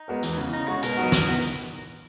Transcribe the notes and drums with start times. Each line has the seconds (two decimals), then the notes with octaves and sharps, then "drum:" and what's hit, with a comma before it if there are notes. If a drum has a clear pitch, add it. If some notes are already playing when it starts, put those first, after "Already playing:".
Already playing: D#4
0.08 G#3 B3 F#4 A#4
0.23 E2, drum: hi-hat
0.37 C#3 E3 B3
0.53 C#3 D#4
0.68 G#3 C#4 F#4
0.83 B2 A#4, drum: hi-hat
0.97 F#3 B3 D#4 F#4
1.12 E2, drum: snare
1.27 B3 D#4
1.42 drum: hi-hat